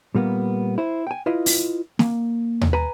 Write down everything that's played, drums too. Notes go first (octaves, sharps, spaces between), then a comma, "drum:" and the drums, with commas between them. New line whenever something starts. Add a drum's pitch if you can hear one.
A#2 G3 A#3 B3
E4 C5
G5 G#5
E4 F4 B4 D#5
drum: open hi-hat
A#3, drum: snare
drum: tom D#2
B4 G#5 A#5